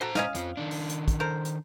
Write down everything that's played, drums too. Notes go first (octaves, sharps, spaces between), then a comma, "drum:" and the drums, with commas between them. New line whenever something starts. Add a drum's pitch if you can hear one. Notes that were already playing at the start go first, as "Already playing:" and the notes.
F#4 A4 C5 A#5
C#4 D#5 F5, drum: snare
F2 F3, drum: hi-hat
D#3 D4
drum: open hi-hat
drum: hi-hat
drum: kick, hi-hat
A4 A#4 C5
drum: hi-hat